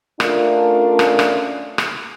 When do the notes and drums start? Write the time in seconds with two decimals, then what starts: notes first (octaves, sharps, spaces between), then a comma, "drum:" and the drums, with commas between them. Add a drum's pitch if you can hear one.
0.20 A3 C#4 D4 F4 A#4, drum: rim click
0.99 drum: rim click
1.19 drum: rim click
1.78 drum: rim click